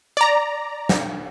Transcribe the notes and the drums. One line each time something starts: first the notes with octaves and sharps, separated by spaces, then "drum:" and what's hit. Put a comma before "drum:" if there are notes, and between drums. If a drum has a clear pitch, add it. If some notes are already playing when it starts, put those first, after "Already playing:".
D5 A#5
drum: snare